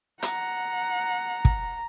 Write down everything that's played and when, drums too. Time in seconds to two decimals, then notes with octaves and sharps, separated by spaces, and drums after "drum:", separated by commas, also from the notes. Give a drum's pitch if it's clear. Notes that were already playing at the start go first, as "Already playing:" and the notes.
0.22 F#5 A#5, drum: hi-hat
1.45 drum: kick